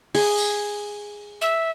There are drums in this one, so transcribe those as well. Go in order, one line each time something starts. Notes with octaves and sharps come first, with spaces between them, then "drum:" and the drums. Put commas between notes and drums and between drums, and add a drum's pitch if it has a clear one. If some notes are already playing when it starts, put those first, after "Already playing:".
G#4, drum: open hi-hat
drum: tambourine
E5